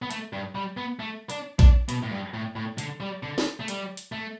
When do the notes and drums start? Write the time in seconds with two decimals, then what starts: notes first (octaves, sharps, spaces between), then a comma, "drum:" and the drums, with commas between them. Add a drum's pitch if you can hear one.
0.02 B3
0.11 A3, drum: hi-hat
0.33 G2
0.55 G3
0.77 B3
0.99 A3
1.30 D4, drum: hi-hat
1.59 D4, drum: kick A#1
1.89 B2, drum: hi-hat
2.03 A2
2.12 G2
2.34 A2
2.56 A2
2.78 D3, drum: hi-hat
3.00 G3
3.23 D3
3.38 drum: snare
3.60 A3
3.68 G3, drum: hi-hat
3.97 drum: hi-hat
4.12 A3